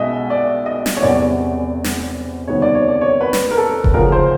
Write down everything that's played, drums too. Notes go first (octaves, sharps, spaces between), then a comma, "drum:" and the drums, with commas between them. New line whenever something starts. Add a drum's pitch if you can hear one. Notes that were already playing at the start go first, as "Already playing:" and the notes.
Already playing: B1 B2 G#3 D#5 E5
D5
D#5
drum: snare
C#5
E1 E2 C3 E3 G3 D5
drum: snare
D2 C3 D#3 G3 B3 C#5
D5
C#5
D5
C#5
B4
drum: snare
A#4
A4
drum: kick F1
D2 C#3 F3 A#4
C5